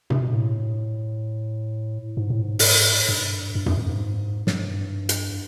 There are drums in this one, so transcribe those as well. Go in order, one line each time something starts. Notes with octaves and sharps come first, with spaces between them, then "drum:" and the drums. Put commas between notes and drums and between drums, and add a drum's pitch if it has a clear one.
C3, drum: tom G2
B2
A2
G#2
A2
G#2
drum: open hi-hat
G2
G2
F2, drum: tom G2
F#2
G#2
G2, drum: snare
drum: hi-hat